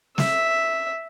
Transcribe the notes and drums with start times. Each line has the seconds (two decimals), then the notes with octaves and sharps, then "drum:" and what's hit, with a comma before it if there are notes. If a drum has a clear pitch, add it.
0.18 E5, drum: snare